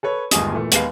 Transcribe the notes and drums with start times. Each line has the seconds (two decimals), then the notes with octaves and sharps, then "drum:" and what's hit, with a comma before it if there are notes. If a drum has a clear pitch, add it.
0.03 A4 B4 C#5
0.31 G1 D#2 G#3 F4 G#5 D#6, drum: hi-hat
0.53 A#2 E3 A3
0.72 D#2 G#3 B3 B4 F5 C7, drum: hi-hat